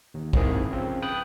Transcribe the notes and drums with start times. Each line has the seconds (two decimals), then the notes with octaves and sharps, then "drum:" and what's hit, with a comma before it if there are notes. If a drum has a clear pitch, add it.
0.14 D#2
0.33 G#2 C3 D#3 A#3 E4 G#4, drum: kick
0.71 C#3 F3 C4
1.02 B4 G5 D#6 F#6